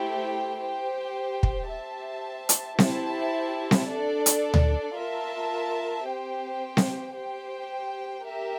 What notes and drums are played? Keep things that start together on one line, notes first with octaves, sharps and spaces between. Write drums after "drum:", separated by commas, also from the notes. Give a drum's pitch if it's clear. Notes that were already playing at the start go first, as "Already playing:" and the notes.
Already playing: A3 E4 G4 C5 G5
G4 C5 G5
drum: kick
G4 C5 E5 A5
drum: hi-hat
E4 G4 C5 E5 A5, drum: snare C4
drum: snare C4
D4 A4 D5
drum: hi-hat
drum: tom D2
F4 A#4 E5 A5
C4 G4 C5 G5
drum: snare C4
G4 C5 G5
G4 A#4 E5